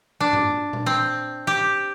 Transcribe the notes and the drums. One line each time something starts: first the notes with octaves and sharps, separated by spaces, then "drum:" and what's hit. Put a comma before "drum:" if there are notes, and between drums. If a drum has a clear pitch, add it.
D4
drum: tom G2
drum: tom A#2
C4
G4